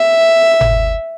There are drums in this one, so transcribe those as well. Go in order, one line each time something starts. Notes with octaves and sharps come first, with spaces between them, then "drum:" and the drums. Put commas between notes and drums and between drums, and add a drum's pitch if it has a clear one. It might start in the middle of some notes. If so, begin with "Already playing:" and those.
Already playing: E5
drum: tom G1